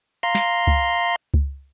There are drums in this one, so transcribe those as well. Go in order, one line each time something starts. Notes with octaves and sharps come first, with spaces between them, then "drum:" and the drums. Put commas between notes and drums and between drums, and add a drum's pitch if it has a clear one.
F5 A#5 C6
drum: snare
drum: kick C#2
drum: kick C#2